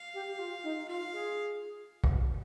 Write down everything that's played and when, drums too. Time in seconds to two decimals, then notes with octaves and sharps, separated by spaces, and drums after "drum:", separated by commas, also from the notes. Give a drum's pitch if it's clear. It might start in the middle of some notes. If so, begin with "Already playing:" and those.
Already playing: F5
0.14 G4
0.28 G4
0.39 F4
0.63 D#4
0.88 F4 F5
1.13 G#4
2.04 drum: kick B1